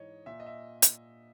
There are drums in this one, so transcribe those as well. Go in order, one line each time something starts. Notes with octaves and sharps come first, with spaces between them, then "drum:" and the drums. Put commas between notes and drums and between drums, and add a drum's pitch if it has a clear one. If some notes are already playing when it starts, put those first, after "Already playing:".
Already playing: G#2 E3 C#5 D#5
A#2 E5
D#5
E5
drum: hi-hat